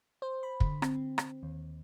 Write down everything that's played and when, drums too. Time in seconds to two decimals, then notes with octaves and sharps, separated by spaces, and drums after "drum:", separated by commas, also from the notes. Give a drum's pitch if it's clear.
0.22 C5
0.43 B5
0.60 D3, drum: kick
0.82 C4, drum: rim click
1.18 drum: rim click
1.43 D#2